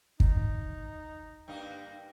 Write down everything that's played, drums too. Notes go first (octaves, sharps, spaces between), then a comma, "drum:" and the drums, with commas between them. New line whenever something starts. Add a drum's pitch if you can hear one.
D#4, drum: kick
G2 A#3 D#4 G5